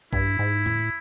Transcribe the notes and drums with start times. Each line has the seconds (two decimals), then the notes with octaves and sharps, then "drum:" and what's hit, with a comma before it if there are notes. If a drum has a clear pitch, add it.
0.13 G2 E4, drum: kick A#1
0.39 G#2
0.66 A2, drum: tom